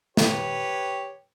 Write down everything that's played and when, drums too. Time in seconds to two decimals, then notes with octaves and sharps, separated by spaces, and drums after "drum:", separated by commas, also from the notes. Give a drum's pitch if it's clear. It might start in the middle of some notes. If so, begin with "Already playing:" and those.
0.17 G4 B4 C#5, drum: snare